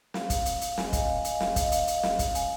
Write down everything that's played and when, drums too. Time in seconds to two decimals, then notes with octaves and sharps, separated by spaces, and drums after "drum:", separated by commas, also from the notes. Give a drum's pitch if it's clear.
0.14 F5, drum: snare
0.30 drum: kick, hi-hat
0.46 drum: hi-hat
0.61 drum: hi-hat
0.78 G#5, drum: snare
0.87 D#5
0.93 F5, drum: kick, hi-hat
1.24 drum: hi-hat
1.40 F5, drum: snare
1.56 D#5, drum: kick, hi-hat
1.72 F5, drum: hi-hat
1.88 drum: hi-hat
2.03 drum: snare
2.19 drum: kick, hi-hat
2.35 G#5, drum: hi-hat